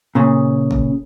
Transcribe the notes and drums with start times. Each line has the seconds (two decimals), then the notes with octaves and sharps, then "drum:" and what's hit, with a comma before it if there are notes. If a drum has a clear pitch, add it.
0.15 A#2 C#3
0.71 drum: kick